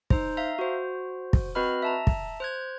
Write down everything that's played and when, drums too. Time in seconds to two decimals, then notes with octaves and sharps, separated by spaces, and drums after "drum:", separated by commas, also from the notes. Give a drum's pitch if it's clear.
0.10 D#4 C5, drum: kick
0.37 E5 F5 A#5
0.59 F#4 C5
1.33 drum: kick
1.55 C4 F#4 B4 D#5 B5 F6
1.82 E5 A5 A#5
2.07 drum: kick
2.40 C5 F#6 G#6